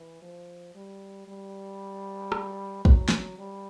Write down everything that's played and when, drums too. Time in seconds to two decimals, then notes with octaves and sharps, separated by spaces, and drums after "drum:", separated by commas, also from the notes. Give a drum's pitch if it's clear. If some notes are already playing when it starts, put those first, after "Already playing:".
Already playing: E3
0.22 F3
0.75 G3
1.27 G3
2.32 drum: rim click
2.85 F#3, drum: kick
3.09 drum: snare
3.38 G3